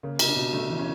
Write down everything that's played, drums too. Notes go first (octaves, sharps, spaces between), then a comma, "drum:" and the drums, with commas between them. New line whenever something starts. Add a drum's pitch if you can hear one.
C#3 A#3
C3, drum: cymbal
D4
B2
D3 A3
E3
C#4